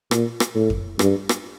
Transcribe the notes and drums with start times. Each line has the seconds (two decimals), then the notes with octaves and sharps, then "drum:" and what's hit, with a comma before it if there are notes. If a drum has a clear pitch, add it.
0.11 A#2, drum: rim click
0.40 drum: rim click
0.55 A2
0.70 drum: kick F2
0.99 G2, drum: rim click
1.29 drum: rim click